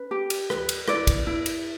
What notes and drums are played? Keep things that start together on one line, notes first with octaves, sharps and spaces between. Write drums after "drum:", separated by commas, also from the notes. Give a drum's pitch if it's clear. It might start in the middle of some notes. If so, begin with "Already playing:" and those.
Already playing: C#4 B4
G4
drum: cymbal
B4, drum: rim click
drum: cymbal
E4 B4 D5, drum: rim click
drum: kick, cymbal
E4
drum: cymbal